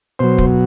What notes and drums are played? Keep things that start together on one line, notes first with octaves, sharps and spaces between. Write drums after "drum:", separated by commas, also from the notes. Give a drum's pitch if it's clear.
B2 F#3 C5
drum: kick